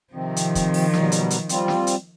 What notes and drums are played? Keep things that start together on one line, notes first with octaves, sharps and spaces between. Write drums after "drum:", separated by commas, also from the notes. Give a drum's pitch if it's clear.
C3 D#3 F3 C4
drum: hi-hat
drum: kick, hi-hat
drum: open hi-hat
B2 F#3 G3, drum: snare
drum: hi-hat
drum: hi-hat
G3 C4 F4, drum: hi-hat
drum: snare
drum: hi-hat